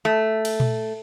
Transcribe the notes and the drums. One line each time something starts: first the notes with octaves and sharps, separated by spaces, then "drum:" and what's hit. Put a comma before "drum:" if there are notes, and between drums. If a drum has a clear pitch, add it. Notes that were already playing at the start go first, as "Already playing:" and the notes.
A3
drum: cymbal
drum: tom A#2